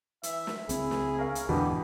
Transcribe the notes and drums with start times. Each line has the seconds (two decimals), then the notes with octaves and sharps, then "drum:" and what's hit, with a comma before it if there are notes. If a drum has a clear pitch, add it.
0.23 E3 E5, drum: hi-hat
0.47 drum: snare
0.69 C#2 C4 E4 G#4, drum: hi-hat
0.91 drum: snare
1.19 C#4 A#4 F5
1.35 drum: hi-hat
1.49 E2 G#2 B2 D3 E3 B3 G4